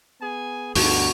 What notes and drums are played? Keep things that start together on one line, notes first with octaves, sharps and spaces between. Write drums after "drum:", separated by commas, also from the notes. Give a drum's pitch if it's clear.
B3 G#4 G#5
D2 G2 B2 F#4 C#6 F7, drum: open hi-hat